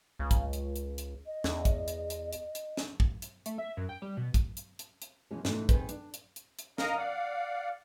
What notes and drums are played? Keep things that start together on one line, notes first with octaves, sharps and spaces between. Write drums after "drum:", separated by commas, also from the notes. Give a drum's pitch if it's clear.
C#2
drum: kick, hi-hat
drum: hi-hat
drum: hi-hat
drum: hi-hat
D#5
E2, drum: snare
drum: kick, hi-hat
drum: hi-hat
drum: hi-hat
drum: hi-hat
drum: hi-hat
drum: snare
drum: kick
drum: hi-hat
A3, drum: hi-hat
E5
F#2
G5
G3
B2
drum: kick, hi-hat
drum: hi-hat
drum: hi-hat
drum: hi-hat
B2 E3 F3 G#3 C#4
G#2 B2 E3 A3 D#4, drum: snare
D#3 C4 G#4 B4, drum: kick, hi-hat
D4, drum: hi-hat
drum: hi-hat
drum: hi-hat
drum: hi-hat
A#4 D#5 F5 A#5 D#6 F6, drum: snare
D5 F5 F#5